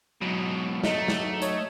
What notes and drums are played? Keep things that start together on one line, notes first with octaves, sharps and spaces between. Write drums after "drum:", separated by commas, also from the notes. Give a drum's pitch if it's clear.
G#2 B2 F#3
A3 D#4, drum: snare
drum: snare
C#5, drum: hi-hat